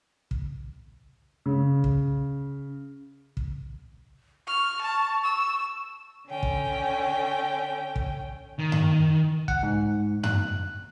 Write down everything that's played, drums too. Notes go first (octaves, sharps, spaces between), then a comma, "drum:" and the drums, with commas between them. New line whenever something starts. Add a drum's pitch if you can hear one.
drum: kick
C#3
drum: kick
drum: kick
C#6 F6
A5
E6
D3 C#4 G5
drum: kick
drum: kick
D#3
drum: tom F#2
F#5, drum: kick
G#2
F#6, drum: tom F#2